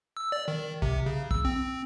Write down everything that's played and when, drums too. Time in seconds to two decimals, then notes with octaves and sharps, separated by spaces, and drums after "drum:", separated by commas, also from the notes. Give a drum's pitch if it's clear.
0.17 E6
0.32 D5
0.48 D#3
0.82 C3, drum: kick
1.06 C#3
1.31 E6, drum: kick
1.45 C4